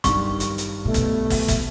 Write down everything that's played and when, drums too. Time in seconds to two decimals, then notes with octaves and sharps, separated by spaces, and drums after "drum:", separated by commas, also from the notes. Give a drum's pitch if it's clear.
0.04 G2 D#3 C#6, drum: kick, hi-hat
0.40 drum: hi-hat
0.58 drum: hi-hat
0.85 B2 A3
0.94 drum: kick, hi-hat
1.30 drum: kick, open hi-hat
1.48 drum: kick, hi-hat